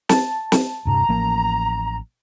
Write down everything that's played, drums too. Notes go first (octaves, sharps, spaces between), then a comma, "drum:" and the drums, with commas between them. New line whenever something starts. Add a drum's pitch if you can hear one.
A5, drum: snare
drum: snare
D#1 G2 C3 A#5
A1 F3 A#3